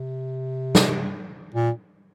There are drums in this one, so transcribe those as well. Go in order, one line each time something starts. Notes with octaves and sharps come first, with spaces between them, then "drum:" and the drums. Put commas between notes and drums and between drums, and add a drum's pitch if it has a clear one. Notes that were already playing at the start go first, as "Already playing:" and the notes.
Already playing: C3
drum: snare
A#2